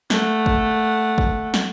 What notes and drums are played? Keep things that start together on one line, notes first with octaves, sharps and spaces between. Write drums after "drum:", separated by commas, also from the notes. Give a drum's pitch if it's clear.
A3 F#5, drum: snare
drum: kick G1
drum: kick G1
drum: snare